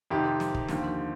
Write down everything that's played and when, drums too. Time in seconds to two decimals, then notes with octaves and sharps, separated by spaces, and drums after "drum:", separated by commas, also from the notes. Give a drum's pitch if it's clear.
0.11 F2 C3 D#3 G4
0.40 drum: snare
0.55 drum: kick
0.69 D#2 D3 F3, drum: snare